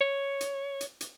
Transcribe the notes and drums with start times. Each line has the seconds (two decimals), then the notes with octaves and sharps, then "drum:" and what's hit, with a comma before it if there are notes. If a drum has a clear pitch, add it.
0.01 C#5
0.41 drum: hi-hat
0.81 drum: hi-hat
1.01 drum: hi-hat